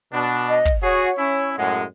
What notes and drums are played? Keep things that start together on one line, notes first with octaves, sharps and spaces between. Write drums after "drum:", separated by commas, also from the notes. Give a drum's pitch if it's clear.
B2 D4
D#5
drum: kick
F#4 G#4 C#5
C#4 E4
F#2 A2 G#3 F#5